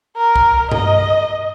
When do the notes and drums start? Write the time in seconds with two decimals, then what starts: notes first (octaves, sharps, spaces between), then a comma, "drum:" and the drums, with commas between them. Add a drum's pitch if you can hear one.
0.17 A#4
0.36 drum: kick C2
0.72 D#5, drum: tom G2